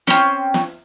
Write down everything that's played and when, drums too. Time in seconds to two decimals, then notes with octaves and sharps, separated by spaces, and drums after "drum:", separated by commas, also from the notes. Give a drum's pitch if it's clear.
0.07 C4 C#4, drum: snare
0.54 drum: snare